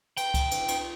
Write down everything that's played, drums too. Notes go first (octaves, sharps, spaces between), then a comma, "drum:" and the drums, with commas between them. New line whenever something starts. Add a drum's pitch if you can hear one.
G5, drum: cymbal
drum: kick C#2, cymbal
drum: cymbal
drum: cymbal